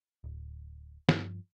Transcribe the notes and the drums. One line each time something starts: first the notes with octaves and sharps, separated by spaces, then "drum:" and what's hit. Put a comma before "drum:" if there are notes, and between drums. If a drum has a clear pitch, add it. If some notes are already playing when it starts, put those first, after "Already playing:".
D1
G2 F3, drum: snare